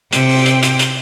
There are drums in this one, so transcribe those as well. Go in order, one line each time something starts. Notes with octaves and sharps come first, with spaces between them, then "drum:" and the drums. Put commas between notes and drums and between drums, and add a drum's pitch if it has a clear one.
C3 G5, drum: hi-hat
drum: open hi-hat
drum: hi-hat
drum: hi-hat
drum: hi-hat